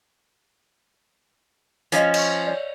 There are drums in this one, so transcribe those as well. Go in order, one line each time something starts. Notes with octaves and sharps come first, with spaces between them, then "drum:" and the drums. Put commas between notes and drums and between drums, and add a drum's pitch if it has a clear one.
F3 C#4 D#5 F5 G#5, drum: hi-hat
D#5 C#6, drum: cymbal
C#5 D5